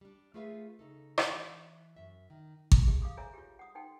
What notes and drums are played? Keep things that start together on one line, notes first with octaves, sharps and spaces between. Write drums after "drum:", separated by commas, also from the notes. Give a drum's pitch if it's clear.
G3 D4
A3 F4 G#4 B4 E5 F5
C#3 D#4 A4
drum: rim click
E3
F#2 E5
D#3
drum: kick G#1
G4 G#4 E5
F5 D6 D#6
G#4 A4 C#5 E5 G#5 A#5
F4 G4
F#5 D#6
D#4 A4 F#5 G5 C6